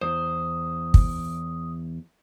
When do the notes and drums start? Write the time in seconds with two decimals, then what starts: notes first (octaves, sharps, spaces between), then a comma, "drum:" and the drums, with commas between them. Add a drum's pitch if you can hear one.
0.01 E2 C5 D#6
0.94 drum: kick